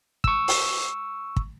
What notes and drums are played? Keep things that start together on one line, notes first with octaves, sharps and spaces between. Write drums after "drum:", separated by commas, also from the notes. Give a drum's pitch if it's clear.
C#6 E6, drum: kick
drum: open hi-hat
drum: kick